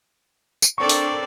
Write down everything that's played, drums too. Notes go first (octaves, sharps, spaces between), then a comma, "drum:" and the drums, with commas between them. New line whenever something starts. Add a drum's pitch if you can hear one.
drum: tambourine
C4 D4 A4 A#4 D5 C#6
drum: open hi-hat